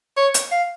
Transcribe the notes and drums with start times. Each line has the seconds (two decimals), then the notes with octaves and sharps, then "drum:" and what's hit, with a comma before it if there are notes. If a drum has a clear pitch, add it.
0.17 C#5
0.34 drum: hi-hat
0.52 F5